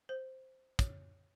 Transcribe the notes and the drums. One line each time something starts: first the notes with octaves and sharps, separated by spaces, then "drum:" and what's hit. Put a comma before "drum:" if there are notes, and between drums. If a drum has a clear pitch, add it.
C5
C#5, drum: kick, hi-hat